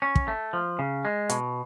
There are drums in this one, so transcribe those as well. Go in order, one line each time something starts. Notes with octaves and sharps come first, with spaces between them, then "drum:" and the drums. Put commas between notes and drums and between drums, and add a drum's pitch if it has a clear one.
C#4
drum: kick
A3
F3
C#3
G#3
B2, drum: hi-hat